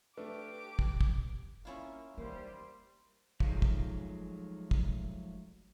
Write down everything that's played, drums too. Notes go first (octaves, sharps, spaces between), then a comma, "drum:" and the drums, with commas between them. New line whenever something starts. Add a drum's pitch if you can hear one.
A3 D4 G4 B4 D6
drum: kick
drum: kick
A#3 C#4 E4 F4
D#3 G3 A#3 C5
F3 F#3 G#3 A3 D#4 F4, drum: kick
drum: kick
drum: kick